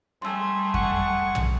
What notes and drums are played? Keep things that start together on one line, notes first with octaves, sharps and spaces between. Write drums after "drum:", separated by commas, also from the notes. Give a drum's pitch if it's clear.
G3 A3 G#4 C6 E6
F#5 C#6, drum: kick F2
drum: tom